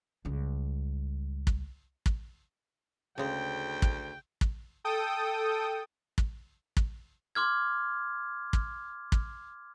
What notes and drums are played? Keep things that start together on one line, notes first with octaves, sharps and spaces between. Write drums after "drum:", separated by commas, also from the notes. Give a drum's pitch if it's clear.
C#2 G3
drum: kick
drum: kick
D2 C#3 G#3 G5
drum: kick
drum: kick
A4 G5 D#6
drum: kick
drum: kick
C6 D6 F6 G#6
drum: kick
drum: kick